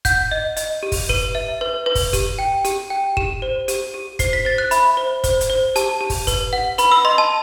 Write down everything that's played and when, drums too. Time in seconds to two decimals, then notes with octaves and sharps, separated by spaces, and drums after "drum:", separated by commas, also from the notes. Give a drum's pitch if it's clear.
0.05 F#5 G6, drum: kick, hi-hat
0.31 D#5
0.57 D#5, drum: hi-hat
0.83 G4
0.92 drum: kick, open hi-hat
1.09 B4 D#7, drum: kick
1.35 E5
1.61 B4
1.86 B4
1.95 drum: kick, open hi-hat
2.13 G4, drum: kick, hi-hat
2.39 G5
2.65 G4, drum: hi-hat
2.90 G5
3.17 G4 E7, drum: kick
3.42 C5
3.68 G4, drum: hi-hat
3.94 G4
4.19 C5 C7, drum: kick, hi-hat
4.33 B6
4.45 C5 A6
4.58 F#6
4.71 E5 B5, drum: hi-hat
4.97 C5
5.24 C5, drum: kick, hi-hat
5.41 drum: hi-hat
5.50 C5
5.76 G4 A5, drum: hi-hat
6.01 G4
6.10 drum: kick, open hi-hat
6.27 B4, drum: kick, hi-hat
6.53 F#5
6.78 B4 B5, drum: hi-hat
6.92 E6
7.05 D#5 C6
7.18 A5